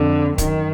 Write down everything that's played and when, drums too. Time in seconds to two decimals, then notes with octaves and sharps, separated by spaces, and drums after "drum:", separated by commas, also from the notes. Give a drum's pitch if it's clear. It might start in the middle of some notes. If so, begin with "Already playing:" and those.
Already playing: F2 D3
0.38 F#2 D#3, drum: kick C#1, hi-hat